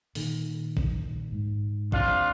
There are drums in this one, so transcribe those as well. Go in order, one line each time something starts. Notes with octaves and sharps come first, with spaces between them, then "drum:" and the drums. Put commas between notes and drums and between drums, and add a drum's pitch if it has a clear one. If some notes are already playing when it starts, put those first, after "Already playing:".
A#2 D#3, drum: open hi-hat
drum: kick
G#2
C3 D4 F4, drum: kick